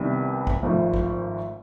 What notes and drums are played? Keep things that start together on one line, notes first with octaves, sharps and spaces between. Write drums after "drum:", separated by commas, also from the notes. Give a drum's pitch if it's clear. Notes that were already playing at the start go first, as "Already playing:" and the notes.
Already playing: C2 C3 D#3 G3 B3
drum: kick
G#1 G#2 F3 A3
drum: kick